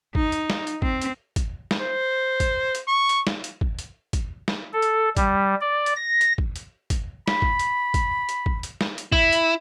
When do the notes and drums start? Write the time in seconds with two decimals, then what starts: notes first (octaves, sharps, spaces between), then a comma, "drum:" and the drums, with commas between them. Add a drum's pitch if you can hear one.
0.15 D#4, drum: kick
0.32 drum: hi-hat
0.50 drum: snare
0.67 drum: hi-hat
0.82 C4, drum: kick
1.02 drum: hi-hat
1.36 drum: kick, hi-hat
1.71 drum: snare
1.81 C5
2.40 drum: kick, hi-hat
2.75 drum: hi-hat
2.88 C#6
3.09 drum: hi-hat
3.27 drum: snare
3.44 drum: hi-hat
3.61 drum: kick
3.79 drum: hi-hat
4.13 drum: kick, hi-hat
4.48 drum: snare
4.73 A4
4.82 drum: hi-hat
5.17 G3, drum: kick, hi-hat
5.61 D5
5.86 drum: hi-hat
5.96 A#6
6.21 drum: hi-hat
6.38 drum: kick
6.56 drum: hi-hat
6.90 drum: kick, hi-hat
7.28 B5, drum: snare
7.42 drum: kick
7.59 drum: hi-hat
7.94 drum: kick, hi-hat
8.29 drum: hi-hat
8.46 drum: kick
8.63 drum: hi-hat
8.81 drum: snare
8.98 drum: hi-hat
9.12 E4, drum: kick
9.33 drum: hi-hat